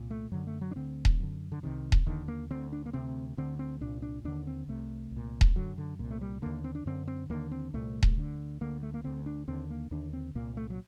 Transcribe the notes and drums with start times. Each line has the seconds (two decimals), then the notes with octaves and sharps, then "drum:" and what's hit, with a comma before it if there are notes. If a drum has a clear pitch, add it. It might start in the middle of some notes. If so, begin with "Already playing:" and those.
Already playing: C2 A#2
0.10 A3
0.32 F#2 D3 F#3
0.47 A3
0.61 F#3
0.71 D4
0.76 D2 D3 C4
1.05 drum: kick D#1
1.20 F#2 D3
1.52 D3
1.63 C2 C3 D#3
1.92 drum: kick D#1
2.06 D#2 D3 D#3
2.28 A#3
2.50 D2 D3 C4
2.72 D4
2.86 A#3
2.93 D2 C3 C4
3.37 D2 D3 C4
3.59 C4
3.81 C2 A#2 D4
4.02 D4
4.24 D#2 D3 D4
4.47 C4
4.68 C2 C3 A3
5.11 C2
5.16 A#2
5.41 drum: kick D#1
5.56 F#2 D3 F#3
5.78 D3
5.99 C2 A#2
6.11 A3
6.21 G3
6.42 D#2 D3 A#3
6.64 C4
6.75 D4
6.86 F#2 D3 C4
7.07 C4
7.30 D#2 D3 A#3
7.51 C4
7.74 C2 A#2 A3
8.03 drum: kick D#1
8.16 D2 D3
8.61 D2 D3 A#3
8.82 A3
8.94 A#3
9.04 D2 D3 C4
9.26 D4
9.48 D#2 D3 C4
9.70 A#3
9.91 D#2 D3 D4
10.13 C4
10.35 C2 A#2 A#3
10.57 A3
10.70 F#3